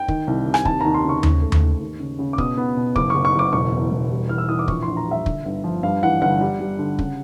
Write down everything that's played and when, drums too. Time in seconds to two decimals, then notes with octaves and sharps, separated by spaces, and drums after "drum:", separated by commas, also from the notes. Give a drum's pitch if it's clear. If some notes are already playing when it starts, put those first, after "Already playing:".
Already playing: G5
0.08 D#3, drum: kick
0.27 C2
0.47 C3
0.54 G#5, drum: rim click
0.65 D#2 A5, drum: kick
0.81 D#2 A#5
0.94 C6
1.04 C#3
1.09 C#6
1.23 G#2, drum: tom D#2
1.42 A3
1.52 drum: tom D#2
1.61 G#2
1.80 D#2
2.00 C#3
2.19 C#3
2.33 D6
2.38 B2 D#6, drum: kick
2.57 B3
2.77 B2
2.96 F#1 D6, drum: kick
3.10 F#1 C#6
3.25 C#6
3.35 F#1 D6
3.53 E1 C#6
3.72 E2
3.91 E1
4.10 G3
4.29 E3 F6
4.38 E6
4.49 E3 D#6
4.59 D6
4.68 A#1 C#6, drum: kick
4.83 A#1 C6
4.97 A#5
5.07 G3 E5
5.26 D3, drum: kick
5.45 G1
5.64 F3
5.83 G2 F5
6.03 E3 F#5
6.21 G1 F#5
6.41 G3
6.60 G3
6.79 D3
6.99 C#3, drum: kick